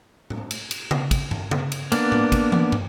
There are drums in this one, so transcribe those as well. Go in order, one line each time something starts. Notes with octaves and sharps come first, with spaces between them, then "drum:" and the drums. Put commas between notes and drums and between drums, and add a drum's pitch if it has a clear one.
drum: tom A2
drum: cymbal
drum: cymbal
drum: tom C#3
drum: kick, cymbal
drum: tom
drum: tom C#3
drum: cymbal
A#3 B3 D4, drum: cymbal
drum: tom A2
drum: kick, cymbal
drum: tom
drum: tom